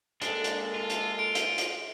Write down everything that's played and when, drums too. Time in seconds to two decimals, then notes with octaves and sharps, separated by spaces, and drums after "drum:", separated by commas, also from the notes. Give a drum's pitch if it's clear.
0.22 G#3 A#3 D4 A4, drum: hi-hat
0.44 drum: hi-hat
0.75 F4
0.90 drum: hi-hat
1.19 D7
1.35 drum: hi-hat
1.58 drum: hi-hat